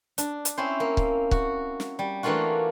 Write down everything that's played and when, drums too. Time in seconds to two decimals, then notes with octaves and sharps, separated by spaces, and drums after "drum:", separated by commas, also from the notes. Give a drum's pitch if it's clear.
0.18 D4, drum: hi-hat
0.45 drum: hi-hat
0.57 C4 C#4 E4 C5
0.80 A#3
0.97 drum: kick C#1
1.31 F#4, drum: kick C#1
1.80 drum: snare
1.99 G3
2.23 E3 A3 A#3 D4 F4 F#4